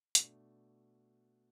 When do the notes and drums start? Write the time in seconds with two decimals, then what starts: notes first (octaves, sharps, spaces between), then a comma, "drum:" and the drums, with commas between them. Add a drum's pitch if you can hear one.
0.15 B2 A3 D4, drum: hi-hat